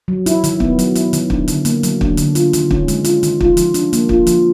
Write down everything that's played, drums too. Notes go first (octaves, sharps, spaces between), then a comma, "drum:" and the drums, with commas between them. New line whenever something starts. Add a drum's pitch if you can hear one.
F#3
E4, drum: hi-hat
D#3, drum: hi-hat
B3, drum: kick
F#3, drum: hi-hat
E4, drum: hi-hat
D#3, drum: hi-hat
D4, drum: kick
D3, drum: hi-hat
A#3, drum: hi-hat
F#3, drum: hi-hat
D4, drum: kick
D3, drum: hi-hat
F4, drum: hi-hat
D#3, drum: hi-hat
C#4, drum: kick
G#3, drum: hi-hat
F4, drum: hi-hat
D#3, drum: hi-hat
F4, drum: kick
F3, drum: hi-hat
D4, drum: hi-hat
A#3, drum: hi-hat
F4, drum: kick
F3, drum: hi-hat